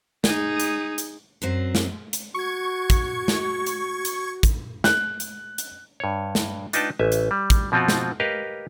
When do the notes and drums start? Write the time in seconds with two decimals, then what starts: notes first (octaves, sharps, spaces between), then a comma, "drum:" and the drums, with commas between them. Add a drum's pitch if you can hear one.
0.24 D#4 G#4, drum: snare
0.60 drum: hi-hat
0.98 drum: hi-hat
1.42 F#2 F#3 C4
1.75 drum: snare
2.13 drum: hi-hat
2.34 F#4 C#6 G#6
2.90 drum: kick, hi-hat
3.28 drum: snare
3.67 drum: hi-hat
4.05 drum: hi-hat
4.43 drum: kick, hi-hat
4.84 F#6, drum: snare
5.20 drum: hi-hat
5.58 drum: hi-hat
6.00 G2 C#5
6.35 drum: snare
6.73 D4 D#4 F4 B4 G5 A5, drum: hi-hat
6.99 A1 E5 G#5
7.12 drum: hi-hat
7.31 G3
7.50 drum: kick, hi-hat
7.72 B2 F3 C4 F4 F#4
7.88 drum: snare
8.20 G4 A#4 B4 C#5 D#5 F5